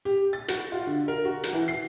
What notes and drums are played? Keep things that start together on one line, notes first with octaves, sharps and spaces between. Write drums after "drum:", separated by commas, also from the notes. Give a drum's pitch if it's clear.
G4
A6
F#4, drum: hi-hat
F4
D3
A#4
F#4
drum: hi-hat
E3
C7